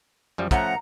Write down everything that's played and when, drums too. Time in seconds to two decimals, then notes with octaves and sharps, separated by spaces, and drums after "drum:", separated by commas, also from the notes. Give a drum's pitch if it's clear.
0.38 F#2 F3 G3
0.51 F3 A3 C#4 F#5 A#5, drum: kick, hi-hat